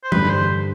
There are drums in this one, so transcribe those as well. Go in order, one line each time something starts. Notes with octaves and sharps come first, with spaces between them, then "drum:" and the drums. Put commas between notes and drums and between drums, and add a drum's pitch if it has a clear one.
C5
G2 D3 G3 B4, drum: tom E3
C5